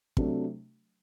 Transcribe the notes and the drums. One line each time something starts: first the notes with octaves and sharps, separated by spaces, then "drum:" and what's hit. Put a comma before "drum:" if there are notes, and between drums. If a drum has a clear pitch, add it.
C3 F#3 A3 D4, drum: kick